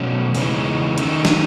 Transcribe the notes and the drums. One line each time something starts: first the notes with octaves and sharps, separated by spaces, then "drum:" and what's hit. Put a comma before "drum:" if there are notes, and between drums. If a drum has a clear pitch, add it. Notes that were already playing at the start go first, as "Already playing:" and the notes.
Already playing: B2 F#3 A3 C#4
E2 C#3 E3 G#3 D#4, drum: open hi-hat
D#3 A3 D#4, drum: hi-hat
drum: snare